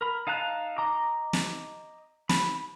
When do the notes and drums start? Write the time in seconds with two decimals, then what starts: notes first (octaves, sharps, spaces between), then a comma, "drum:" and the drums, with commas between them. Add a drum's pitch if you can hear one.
0.01 A#4 B5
0.27 D#4 F5 A5 A#5 F#6
0.78 D#5 A#5 D6
1.33 drum: snare
2.29 B5, drum: snare